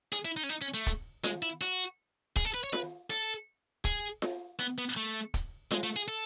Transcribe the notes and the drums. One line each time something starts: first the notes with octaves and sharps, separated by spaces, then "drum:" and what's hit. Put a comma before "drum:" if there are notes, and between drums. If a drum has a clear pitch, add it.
G#4, drum: hi-hat
E4
D#4
C#4
D#4
C#4
A3
drum: kick, hi-hat
G#3, drum: snare F4
E4
F#4, drum: hi-hat
G#4, drum: kick, hi-hat
A4
B4
C#5
B4, drum: snare F4
A4, drum: hi-hat
G#4, drum: kick, hi-hat
drum: snare F4
B3, drum: hi-hat
B3
A3
drum: kick, hi-hat
G#3, drum: snare F4
A3
G#4
A4